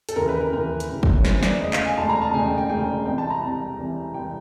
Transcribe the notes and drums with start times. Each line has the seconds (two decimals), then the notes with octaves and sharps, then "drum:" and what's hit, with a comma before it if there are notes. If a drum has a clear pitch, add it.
0.09 A4, drum: hi-hat
0.16 D#2 C#3 E3 A#4
0.29 B4
0.41 A#4
0.53 D#2 C#3 E3 A#4
0.80 drum: hi-hat
0.89 D#2 C#3 E3
1.03 drum: kick
1.18 C#5
1.25 D#2 C#3 E3 C5, drum: snare
1.43 D5, drum: snare
1.61 E1 D2 C#3 D#5
1.73 F5, drum: clap
1.85 G#5
1.98 E1 D2 C#3 A5
2.09 A#5
2.22 A5
2.34 E1 D2 C#3 G#5
2.46 G5
2.58 G5
2.69 E1 D2 C#3 G5
3.06 C2 C3 E3 G5
3.18 A5
3.30 A#5
3.42 C2 C3 E3 A5
3.79 C2 C3 E3
4.14 C2 C3 E3 G5